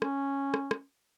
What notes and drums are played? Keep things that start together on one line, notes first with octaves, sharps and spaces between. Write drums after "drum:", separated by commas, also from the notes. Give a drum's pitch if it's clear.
C#4, drum: rim click
drum: rim click
drum: rim click